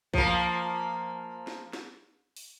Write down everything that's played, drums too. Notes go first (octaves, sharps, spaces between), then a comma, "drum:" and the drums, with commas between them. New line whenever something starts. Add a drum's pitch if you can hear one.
F3 A#3, drum: kick A#1
drum: snare
drum: snare
drum: open hi-hat